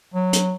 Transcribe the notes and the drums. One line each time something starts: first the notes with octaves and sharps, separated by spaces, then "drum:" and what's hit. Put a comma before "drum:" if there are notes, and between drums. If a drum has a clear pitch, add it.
F#3
drum: hi-hat